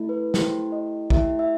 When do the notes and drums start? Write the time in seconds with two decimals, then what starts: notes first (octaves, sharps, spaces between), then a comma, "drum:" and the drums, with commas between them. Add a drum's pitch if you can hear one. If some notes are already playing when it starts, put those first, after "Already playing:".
Already playing: A3 E4
0.09 B4
0.34 A3 E4 G4 C5, drum: snare
0.72 D#5
1.10 A3 E4 G4 E5, drum: kick
1.39 E5